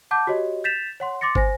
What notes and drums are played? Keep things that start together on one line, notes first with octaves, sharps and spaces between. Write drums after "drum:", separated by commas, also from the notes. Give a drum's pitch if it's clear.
F#5 A5 D6 G6
F#4 G4 C#5 D#5
G6 A6 B6 E7 F7
C#5 F#5 C6
C6 D6 A6 A#6 C#7
C5 G#5 A#6, drum: kick